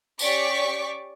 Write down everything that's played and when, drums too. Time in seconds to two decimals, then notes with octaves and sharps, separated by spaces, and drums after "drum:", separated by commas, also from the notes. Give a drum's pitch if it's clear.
0.19 C#4 G4 D5 C#6 D6 B6, drum: tambourine